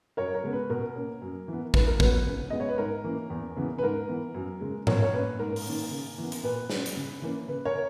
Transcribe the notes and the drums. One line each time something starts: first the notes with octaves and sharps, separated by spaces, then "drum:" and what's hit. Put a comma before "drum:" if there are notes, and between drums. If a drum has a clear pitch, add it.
F#2 A#4 C#5
A#4
C#3 G#3 B3
B4
B2 A#4
A#3 C#4
F#2
E3 B3
G#2 B4, drum: kick
A#4
F#3 B3 B4, drum: kick
C#3
G#3 B3 D#5
C#5
B4
G#2 A#4
E3 A#3 C#4
E2
C#3 E3 B3
B4
G#2 A#4
E3 B3
F#2
C#3 G#3
B2 A#4 C#5, drum: tom G#2
C#5
A#3 C#4 B4
G#2 A#4
drum: open hi-hat
D#3 A#3 C#4
C#3
E3 B3
drum: hi-hat
A#2 B4
F#3 C#4, drum: snare
drum: hi-hat
C#3
E3 A#3 C#4
C#3 B4
A#4 C#5